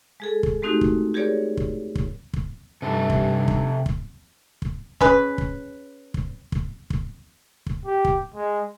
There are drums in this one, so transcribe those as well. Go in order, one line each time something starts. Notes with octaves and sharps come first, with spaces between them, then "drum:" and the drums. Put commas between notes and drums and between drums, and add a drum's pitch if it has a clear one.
G#3 G#4 A4
drum: kick
G#3 A3 C4 D#4 F#4 G4
drum: kick
G4 G#4 A#4 C#5 D5
drum: kick
drum: kick
drum: kick
G2 C3 A4
drum: kick
drum: kick
drum: kick
drum: kick
C#4 G#4 B4, drum: kick
drum: kick
drum: kick
drum: kick
drum: kick
drum: kick
G4
drum: kick
G#3